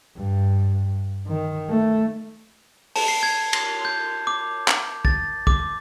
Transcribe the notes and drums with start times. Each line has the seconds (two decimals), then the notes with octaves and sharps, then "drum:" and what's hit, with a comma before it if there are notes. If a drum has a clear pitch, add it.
0.17 G2
1.27 D#3
1.70 A3
2.96 A5, drum: open hi-hat
3.08 C7
3.23 G#6
3.53 C7, drum: cymbal
3.85 G6
4.27 D6
4.68 drum: clap
5.05 A6, drum: kick
5.47 D6, drum: kick